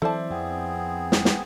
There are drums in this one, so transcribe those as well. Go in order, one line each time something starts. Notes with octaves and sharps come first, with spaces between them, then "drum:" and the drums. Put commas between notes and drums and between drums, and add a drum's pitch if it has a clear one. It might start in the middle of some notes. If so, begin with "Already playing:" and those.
E3 F#3 C4 E4 A4 C5 D5 A5
F2 B3 C4 G#4
drum: snare
drum: snare